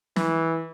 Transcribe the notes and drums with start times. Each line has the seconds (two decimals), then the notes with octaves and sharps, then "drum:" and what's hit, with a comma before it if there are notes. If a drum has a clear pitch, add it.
0.16 E3, drum: snare